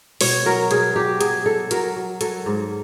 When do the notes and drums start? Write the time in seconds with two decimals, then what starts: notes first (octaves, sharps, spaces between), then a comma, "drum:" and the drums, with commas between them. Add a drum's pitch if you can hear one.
0.21 B2 C#5, drum: open hi-hat
0.46 F#3 A#4
0.71 B2 G#4, drum: hi-hat
0.96 F#3 G4
1.21 F#3 G#4, drum: hi-hat
1.46 F#3 A4
1.71 F#3 A#4, drum: hi-hat
1.96 F#3
2.21 F#3 A4, drum: hi-hat
2.46 G#2